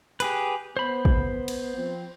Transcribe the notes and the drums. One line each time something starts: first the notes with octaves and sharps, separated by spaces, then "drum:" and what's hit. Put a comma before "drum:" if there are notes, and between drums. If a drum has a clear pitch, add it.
G4 G#4 B4, drum: hi-hat
B3 C5 B5
drum: kick
drum: cymbal
F3 C4